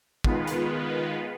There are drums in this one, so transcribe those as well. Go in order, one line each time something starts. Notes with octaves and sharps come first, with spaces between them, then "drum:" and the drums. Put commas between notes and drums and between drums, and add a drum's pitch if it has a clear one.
D#3 G#3 B3 F4 B4, drum: kick
drum: hi-hat